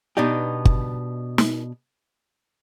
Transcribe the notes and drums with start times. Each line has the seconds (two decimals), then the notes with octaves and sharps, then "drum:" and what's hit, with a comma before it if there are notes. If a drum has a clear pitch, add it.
0.17 B2 B3 D4 D#4 G4
0.65 drum: kick G1
1.38 drum: snare